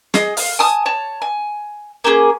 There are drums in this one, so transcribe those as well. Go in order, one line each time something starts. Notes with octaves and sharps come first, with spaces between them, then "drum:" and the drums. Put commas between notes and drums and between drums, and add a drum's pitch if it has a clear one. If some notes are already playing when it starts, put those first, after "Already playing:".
G#4 D#5, drum: snare
F5, drum: open hi-hat
G#5 A5 D#6
C#5 A5
G#5
A#3 C#4 G4 G#4